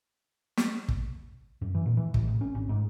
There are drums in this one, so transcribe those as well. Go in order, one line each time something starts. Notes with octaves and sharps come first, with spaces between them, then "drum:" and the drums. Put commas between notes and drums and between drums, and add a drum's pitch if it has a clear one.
drum: snare
drum: kick
F#2
E3
A#2
E3
A1, drum: kick
A1
C#4
G#1
G#2